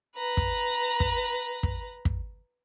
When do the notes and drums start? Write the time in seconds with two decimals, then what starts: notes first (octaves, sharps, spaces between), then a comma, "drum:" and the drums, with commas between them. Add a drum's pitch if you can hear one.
0.16 B4 A#5
0.37 drum: kick
1.00 drum: kick
1.63 drum: kick
2.05 drum: kick